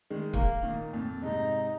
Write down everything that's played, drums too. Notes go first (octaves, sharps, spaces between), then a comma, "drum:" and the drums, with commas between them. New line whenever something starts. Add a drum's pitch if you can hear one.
D#3 G#3
A#3, drum: kick
A#2 D#3
F2 A#2
G#2 C3 D#4